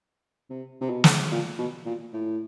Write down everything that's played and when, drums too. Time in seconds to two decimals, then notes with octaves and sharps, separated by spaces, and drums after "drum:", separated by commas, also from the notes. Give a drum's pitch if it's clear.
0.50 C3
0.81 C3
0.90 B2
1.04 drum: snare
1.32 A#2
1.58 B2
1.86 A#2
2.13 A2